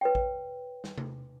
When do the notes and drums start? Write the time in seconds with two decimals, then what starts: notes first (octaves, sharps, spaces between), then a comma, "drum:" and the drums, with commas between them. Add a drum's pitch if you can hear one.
0.01 B4 C#5 G5
0.15 drum: kick A1
0.84 drum: snare
0.98 drum: tom C3